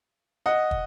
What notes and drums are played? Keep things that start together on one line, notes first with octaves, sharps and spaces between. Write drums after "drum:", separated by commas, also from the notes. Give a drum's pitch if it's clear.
D#5 F#5
drum: kick